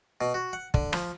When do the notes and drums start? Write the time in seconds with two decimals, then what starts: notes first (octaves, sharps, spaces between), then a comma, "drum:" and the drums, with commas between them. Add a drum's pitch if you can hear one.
0.21 B2
0.34 F#4
0.53 F#5
0.74 D3, drum: kick
0.93 F3, drum: rim click